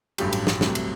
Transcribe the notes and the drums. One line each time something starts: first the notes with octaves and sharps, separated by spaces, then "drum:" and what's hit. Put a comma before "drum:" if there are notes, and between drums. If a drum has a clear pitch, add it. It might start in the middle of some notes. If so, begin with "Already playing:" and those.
A1 G2 F#3 A3 G4, drum: cymbal
drum: cymbal
drum: snare
C2 C3 F#3 A3, drum: snare
drum: cymbal